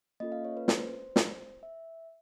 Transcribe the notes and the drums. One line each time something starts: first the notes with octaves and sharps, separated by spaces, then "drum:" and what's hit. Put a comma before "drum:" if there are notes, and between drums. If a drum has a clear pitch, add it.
A#3 C#4 F4 A4 D#5
F5
C#5
B4
C5, drum: snare
drum: snare
E5